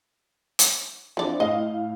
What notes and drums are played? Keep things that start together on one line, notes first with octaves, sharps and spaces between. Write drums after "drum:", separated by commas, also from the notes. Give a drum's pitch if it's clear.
drum: hi-hat
E3 F3 C4 D4 D5
A2 D#5 F5